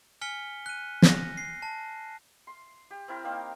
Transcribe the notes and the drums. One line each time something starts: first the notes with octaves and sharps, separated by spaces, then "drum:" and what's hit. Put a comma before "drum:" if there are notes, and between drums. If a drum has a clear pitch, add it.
G#5 F6 B6 C#7 G7
F#6 D#7
A#6, drum: snare
C7
A5
C6
G4
C4 E4 A#4 G5
A#3 C4 D#4 F5